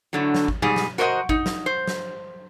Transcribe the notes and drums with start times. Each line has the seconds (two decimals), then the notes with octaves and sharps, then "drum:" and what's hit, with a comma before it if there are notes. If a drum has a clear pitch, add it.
0.13 A2 D3 F#3
0.34 drum: snare
0.48 drum: kick G#1
0.62 G#2 B2 G3 G#4, drum: tom B2
0.76 drum: snare
0.98 F#4 A#4 C5 C#5 D#5 F#5
1.29 D#4, drum: kick G#1
1.46 drum: snare
1.66 C5
1.87 drum: snare